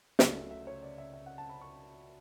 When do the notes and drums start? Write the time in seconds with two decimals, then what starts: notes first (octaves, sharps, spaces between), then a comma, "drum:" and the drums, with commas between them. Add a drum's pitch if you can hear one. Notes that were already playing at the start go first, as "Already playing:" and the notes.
0.19 C#2 C#3 F#3 A3 D5, drum: snare
0.35 E5
0.51 E5
0.67 C#5
0.82 D5
0.98 E5
1.14 E5
1.26 F#5
1.38 A5
1.50 B5
1.61 C#6